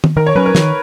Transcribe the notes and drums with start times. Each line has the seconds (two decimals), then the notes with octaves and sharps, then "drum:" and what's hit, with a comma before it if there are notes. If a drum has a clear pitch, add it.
0.04 drum: tom
0.16 D#3 A#4
0.26 C#5
0.35 F#3 C#4 B4
0.46 A#4
0.55 D#3, drum: snare